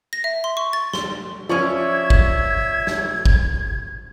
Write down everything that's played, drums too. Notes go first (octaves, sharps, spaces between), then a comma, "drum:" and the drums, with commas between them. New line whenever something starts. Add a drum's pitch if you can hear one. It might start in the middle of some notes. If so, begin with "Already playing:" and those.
A#6
E5
C6
C#6
A6
C6, drum: snare
F3 C#4 D5 E5 C#6 G#6
drum: kick
drum: snare
drum: kick